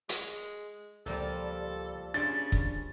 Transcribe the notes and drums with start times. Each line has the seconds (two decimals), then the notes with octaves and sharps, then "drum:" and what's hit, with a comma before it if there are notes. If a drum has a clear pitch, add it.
0.09 G#3, drum: hi-hat
1.06 C#2 A#2 F3 G3 A4
2.14 C#3 D4 D5 E5 C6 A6
2.52 drum: kick